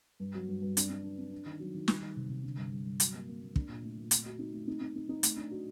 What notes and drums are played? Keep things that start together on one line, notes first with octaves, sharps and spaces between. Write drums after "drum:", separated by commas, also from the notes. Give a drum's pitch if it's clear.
G2
F#3
G2
G2
D4, drum: hi-hat
D4
D4
D4
D4
D#3
F#3
D#3
G3, drum: snare
D#3
C3
C3
D3
G2
G3
G2
F#3, drum: hi-hat
A#3
A#3
A#3
D4, drum: kick
A#2
A3
A#2
A3, drum: hi-hat
F#4
D#4
A3
D#4
D#4
D#4
D#4
A3, drum: hi-hat
D4
F#4